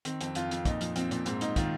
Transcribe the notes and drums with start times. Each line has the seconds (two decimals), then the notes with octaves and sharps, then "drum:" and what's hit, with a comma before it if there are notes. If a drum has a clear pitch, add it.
0.05 D#3 C4, drum: hi-hat
0.21 F2 C4, drum: hi-hat
0.35 F2 F4, drum: hi-hat
0.51 F2, drum: hi-hat
0.65 A#2 D#4, drum: kick, hi-hat
0.81 F3, drum: hi-hat
0.96 F3 C4, drum: hi-hat
1.11 A#2, drum: hi-hat
1.26 G#2 C4, drum: hi-hat
1.41 G#2 D#4, drum: hi-hat
1.56 D#3 F4, drum: kick, hi-hat